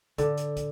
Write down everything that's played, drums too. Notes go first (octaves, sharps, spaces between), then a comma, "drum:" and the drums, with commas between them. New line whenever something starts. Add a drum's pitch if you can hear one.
D3, drum: kick, hi-hat
drum: hi-hat
drum: kick, hi-hat